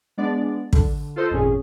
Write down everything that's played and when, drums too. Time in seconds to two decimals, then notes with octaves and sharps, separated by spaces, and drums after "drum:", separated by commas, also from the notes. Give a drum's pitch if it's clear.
0.17 G#3 B3 D4 D5
0.73 D3, drum: kick
1.16 F4 A4 C5 D#5
1.30 G#1 F2 A#2 C#4 G#4